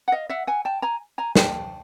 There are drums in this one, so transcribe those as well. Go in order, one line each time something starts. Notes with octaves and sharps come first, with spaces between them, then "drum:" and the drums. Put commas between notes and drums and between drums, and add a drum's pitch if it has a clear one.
F#5
D#5 F5
E5 F#5
F#5 G#5
G5 A5
G#5 A#5
G#5 A#5
G5 A5, drum: snare